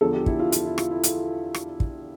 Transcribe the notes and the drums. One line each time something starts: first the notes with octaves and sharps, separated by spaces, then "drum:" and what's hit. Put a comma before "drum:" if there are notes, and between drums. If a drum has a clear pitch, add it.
E2 D3 F3 A4
G4
E4, drum: kick
F4
F4, drum: hi-hat
E4
F4, drum: rim click
E4
F4, drum: hi-hat
drum: rim click
drum: kick